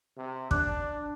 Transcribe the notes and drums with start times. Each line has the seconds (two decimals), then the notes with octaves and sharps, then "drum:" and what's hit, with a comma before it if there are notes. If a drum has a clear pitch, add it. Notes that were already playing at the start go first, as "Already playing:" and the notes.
0.17 C3
0.51 D4 D6 F#6, drum: kick